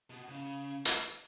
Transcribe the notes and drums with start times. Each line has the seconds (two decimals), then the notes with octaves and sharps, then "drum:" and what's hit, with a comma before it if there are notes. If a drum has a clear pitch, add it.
0.10 B2
0.29 C#3
0.85 drum: hi-hat